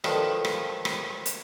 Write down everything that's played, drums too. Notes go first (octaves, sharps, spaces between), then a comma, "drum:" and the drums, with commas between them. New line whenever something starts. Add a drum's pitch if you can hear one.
D#3 F3 D4 A4 B4, drum: rim click
drum: rim click
drum: rim click
drum: hi-hat